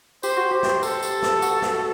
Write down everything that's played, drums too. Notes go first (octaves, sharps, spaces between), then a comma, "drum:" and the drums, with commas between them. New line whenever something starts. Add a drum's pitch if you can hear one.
G4 C5, drum: tambourine
F#4
G4 C5
drum: snare
A4, drum: tambourine
drum: tambourine
drum: snare
F#4, drum: tambourine
drum: snare